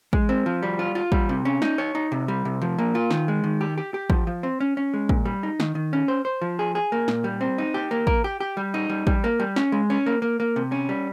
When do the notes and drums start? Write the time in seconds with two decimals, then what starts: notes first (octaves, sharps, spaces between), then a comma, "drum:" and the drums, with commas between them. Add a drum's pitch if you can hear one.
0.13 G#3, drum: kick
0.29 C4
0.46 F3
0.63 G3
0.79 F4
0.95 F4
1.12 G3, drum: kick
1.29 C3
1.45 C#4
1.62 D#4, drum: snare
1.78 C#5
1.95 D#4
2.12 C3
2.28 G3
2.45 C3
2.61 F3
2.78 A#3
2.95 F4
3.11 D#3, drum: snare
3.28 G#3
3.44 D#3
3.61 G4
3.78 G4
3.94 G4
4.10 F3, drum: kick
4.27 F3
4.43 C4
4.60 C#4
4.77 C#4
4.94 G#3
5.09 A#2, drum: kick
5.25 G3
5.43 D#4
5.60 D#3, drum: snare
5.75 D#3
5.93 C#4
6.08 C5
6.25 C5
6.41 F3
6.59 G#4
6.75 G#4
6.92 A#3
7.08 A#2, drum: snare
7.24 G3
7.41 C4
7.58 D#4
7.74 G4
7.91 A#3
8.07 A#4, drum: kick
8.24 G4
8.40 G4
8.57 G3
8.74 D#4
8.90 G3
9.07 G3, drum: kick
9.24 A#3
9.40 G3
9.56 C#4, drum: snare
9.72 G#3
9.90 C#4
10.06 A#3
10.22 A#3
10.40 A#3
10.56 C3
10.72 C#4
10.89 G3